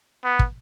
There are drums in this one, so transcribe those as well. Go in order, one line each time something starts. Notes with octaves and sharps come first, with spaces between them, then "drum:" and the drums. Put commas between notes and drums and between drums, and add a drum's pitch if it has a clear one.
B3
drum: kick